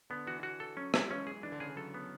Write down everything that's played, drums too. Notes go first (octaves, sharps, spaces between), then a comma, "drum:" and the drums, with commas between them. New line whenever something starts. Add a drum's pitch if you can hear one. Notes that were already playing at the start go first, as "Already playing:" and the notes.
D3 B3
E3 F#4
F#4
A4
F#3 C#4
G#3 E4, drum: rim click
E3 C#4
G#4
E3 D4
D3
C#3 G#4
D3
F#3 A4
B3